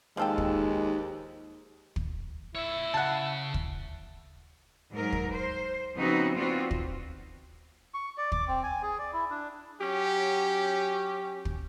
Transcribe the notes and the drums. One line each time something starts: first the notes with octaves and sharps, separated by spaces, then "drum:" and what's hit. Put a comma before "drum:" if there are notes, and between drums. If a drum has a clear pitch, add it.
D#2 F3 G#3 D#4 A4 G5
drum: kick
drum: kick
E4 C#5 E5
C#3 F#5 A5
drum: kick
G#2 F#3 A#4
drum: kick
C5
C#3 F3 B3 C4 D#4 F#4
B3 C4 D4 F4 F#4
drum: kick
C#6
D5
D6, drum: kick
C4
G#5
G#4
D5
E4
D4
F#3 C#4 G4
drum: kick